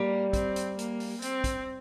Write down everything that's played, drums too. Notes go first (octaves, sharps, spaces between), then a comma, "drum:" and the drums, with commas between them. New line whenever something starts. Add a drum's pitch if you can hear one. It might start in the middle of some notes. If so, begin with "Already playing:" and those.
Already playing: G3 A#3
C4, drum: kick, hi-hat
drum: hi-hat
A#3, drum: hi-hat
drum: open hi-hat
C4, drum: hi-hat
drum: kick, hi-hat